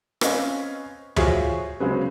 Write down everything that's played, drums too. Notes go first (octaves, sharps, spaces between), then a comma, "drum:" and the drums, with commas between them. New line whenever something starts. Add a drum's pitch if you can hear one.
C4 C#4 B4 C5 D#5 F5, drum: rim click
F4 F#4 G#4 C5 C#5 E5, drum: tom D2
C#3 F#3 G#3 B3 C4